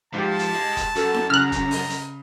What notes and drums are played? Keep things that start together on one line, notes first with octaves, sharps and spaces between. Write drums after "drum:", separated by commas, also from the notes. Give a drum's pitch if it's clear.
G#2 F3 G4 A5
drum: hi-hat
G#3
drum: kick, hi-hat
F#2 F#4 A4, drum: hi-hat
drum: snare E4
C#3 A#5 F6 F#6
drum: kick, hi-hat
drum: open hi-hat
drum: hi-hat